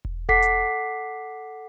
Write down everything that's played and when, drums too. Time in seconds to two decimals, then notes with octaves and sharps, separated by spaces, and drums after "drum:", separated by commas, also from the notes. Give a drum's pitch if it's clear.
0.05 drum: kick E1
0.29 A4 F#5 D6 B6 C7, drum: kick E1
0.42 drum: hi-hat